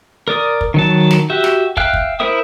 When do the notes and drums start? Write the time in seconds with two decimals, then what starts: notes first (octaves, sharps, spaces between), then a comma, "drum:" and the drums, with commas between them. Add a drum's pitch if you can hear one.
0.28 A#4 D5 D#6
0.61 drum: kick
0.74 D#3 F#3 A5
1.11 drum: snare
1.30 F#4 G4 E5
1.44 drum: snare
1.77 E5 F5 G5 F6 F#6, drum: kick
1.94 drum: kick
2.20 E4 A#4 C5 E5 D#6